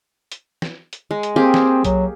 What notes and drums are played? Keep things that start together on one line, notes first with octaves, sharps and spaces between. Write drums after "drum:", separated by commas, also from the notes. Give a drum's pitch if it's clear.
drum: hi-hat
drum: snare
drum: hi-hat
G#3
drum: hi-hat
A#3 C4 G4 G#4
drum: snare
F#3, drum: kick B1, hi-hat